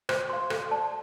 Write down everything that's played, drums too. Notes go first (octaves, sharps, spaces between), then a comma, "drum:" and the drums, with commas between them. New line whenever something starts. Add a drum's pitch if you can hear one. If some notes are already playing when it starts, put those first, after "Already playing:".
C5, drum: rim click
F5 C6
A4, drum: rim click
D5 A5